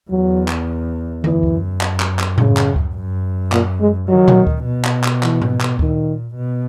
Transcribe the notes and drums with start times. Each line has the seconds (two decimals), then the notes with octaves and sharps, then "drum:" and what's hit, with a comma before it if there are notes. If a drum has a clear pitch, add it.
0.10 E2 F#3
0.48 drum: clap
1.24 F#2 E3, drum: tom D3
1.43 drum: kick D2
1.81 drum: clap
2.00 drum: clap
2.19 drum: clap
2.38 C#3, drum: tom A2
2.57 drum: clap
2.76 drum: kick D2
2.95 F#2
3.52 A#2, drum: clap
3.81 G#3
4.09 D#3 F#3
4.28 drum: tom A#2
4.47 drum: kick D2
4.65 B2
4.85 drum: clap
5.04 drum: clap
5.23 E3, drum: clap
5.42 drum: tom G#2
5.61 drum: clap
5.79 A#2 D#3, drum: kick D2
6.36 B2